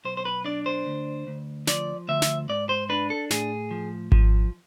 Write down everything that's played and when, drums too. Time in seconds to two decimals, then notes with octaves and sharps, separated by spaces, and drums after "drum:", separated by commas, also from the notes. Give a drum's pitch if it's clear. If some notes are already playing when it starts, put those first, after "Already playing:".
0.05 B1 C5
0.17 C5
0.25 B4
0.45 D4 D5
0.66 C5
0.86 D2
1.27 D2
1.67 F3 D5, drum: snare
2.08 D2 E5
2.22 drum: snare
2.49 G#2 D5
2.69 C5
2.89 D4 B4
3.10 A4
3.30 A2 G#4, drum: snare
3.71 F3
4.12 F3, drum: kick G#1